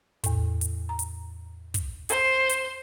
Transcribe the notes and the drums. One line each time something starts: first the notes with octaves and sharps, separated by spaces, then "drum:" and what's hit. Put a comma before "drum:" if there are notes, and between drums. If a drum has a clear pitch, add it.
E2 A2, drum: kick, hi-hat
drum: hi-hat
A#5
drum: hi-hat
drum: kick, hi-hat
C5, drum: hi-hat
drum: hi-hat